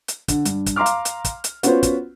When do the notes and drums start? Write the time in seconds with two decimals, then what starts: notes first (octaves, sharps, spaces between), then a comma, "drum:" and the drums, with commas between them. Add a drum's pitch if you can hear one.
0.08 drum: hi-hat
0.28 D3, drum: kick, hi-hat
0.45 G2, drum: hi-hat
0.66 drum: kick, hi-hat
0.76 F5 A#5 C6 D6 F6
0.86 drum: hi-hat
1.05 drum: hi-hat
1.24 drum: kick, hi-hat
1.44 drum: hi-hat
1.63 B3 C#4 F4 F#4 B4 C5, drum: hi-hat
1.83 drum: kick, hi-hat